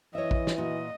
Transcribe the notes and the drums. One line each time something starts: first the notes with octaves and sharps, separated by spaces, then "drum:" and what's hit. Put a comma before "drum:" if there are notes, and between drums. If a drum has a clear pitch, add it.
E3 C#5 D#5 E5
drum: kick
drum: snare
A#2 F#4 D#5